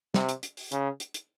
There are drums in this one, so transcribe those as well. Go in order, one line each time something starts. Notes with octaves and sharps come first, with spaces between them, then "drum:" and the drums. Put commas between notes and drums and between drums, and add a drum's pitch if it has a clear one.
C3, drum: snare
drum: hi-hat
drum: hi-hat
drum: open hi-hat
C#3, drum: hi-hat
drum: hi-hat
drum: hi-hat